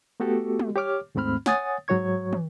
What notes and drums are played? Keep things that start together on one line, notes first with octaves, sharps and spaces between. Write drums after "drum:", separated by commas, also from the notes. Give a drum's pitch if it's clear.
A3 B3 F#4 G4 A4
drum: tom
G4 C#5 D6 F6
D#2 G#2 A3 C4 B5 F6
C#5 F#5 G#5 D#6 A6, drum: snare
G#2 F#3 F#4 C#5 C#6 G#6
drum: tom